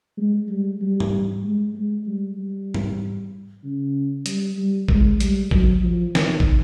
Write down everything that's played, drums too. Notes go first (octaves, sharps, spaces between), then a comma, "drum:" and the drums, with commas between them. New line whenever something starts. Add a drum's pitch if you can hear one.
G#3
G3
G3
drum: tom G#2
G#3
G#3
G3
G3
drum: tom G#2
C#3
G3, drum: hi-hat
G3
G#3, drum: kick A1
G3, drum: hi-hat
F#3, drum: kick A1
F3
D#3, drum: snare
drum: kick A1